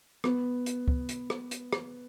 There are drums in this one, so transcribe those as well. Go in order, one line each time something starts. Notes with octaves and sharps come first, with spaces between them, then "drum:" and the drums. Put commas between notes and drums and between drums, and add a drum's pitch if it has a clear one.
B3, drum: rim click
drum: hi-hat
drum: kick
drum: hi-hat
drum: rim click
drum: hi-hat
drum: rim click